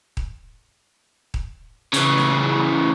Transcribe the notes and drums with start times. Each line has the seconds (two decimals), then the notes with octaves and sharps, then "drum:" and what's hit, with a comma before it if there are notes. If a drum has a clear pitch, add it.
0.17 drum: kick D#1
1.34 drum: kick D#1
1.94 C#3 E3, drum: hi-hat
2.18 drum: snare